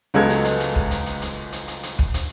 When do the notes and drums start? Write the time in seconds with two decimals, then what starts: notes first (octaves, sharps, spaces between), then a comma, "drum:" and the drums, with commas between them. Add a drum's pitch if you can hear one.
0.14 C#2 F#2 G#3 B3 A4 G#6
0.29 drum: hi-hat
0.45 drum: hi-hat
0.60 drum: hi-hat
0.76 drum: kick
0.91 drum: hi-hat
1.06 drum: hi-hat
1.22 drum: hi-hat
1.52 drum: hi-hat
1.68 drum: hi-hat
1.83 drum: hi-hat
1.99 drum: kick
2.14 drum: hi-hat